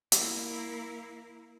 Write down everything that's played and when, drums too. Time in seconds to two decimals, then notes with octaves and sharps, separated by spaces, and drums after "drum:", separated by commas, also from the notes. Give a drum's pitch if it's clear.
0.12 A#3 E4, drum: hi-hat